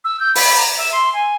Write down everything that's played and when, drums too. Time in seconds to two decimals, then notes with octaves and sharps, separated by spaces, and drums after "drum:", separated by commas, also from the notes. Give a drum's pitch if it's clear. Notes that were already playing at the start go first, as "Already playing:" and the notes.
0.04 E6
0.20 G6
0.35 B5, drum: open hi-hat
0.57 A#5
0.77 E5
0.92 C6
1.13 G#5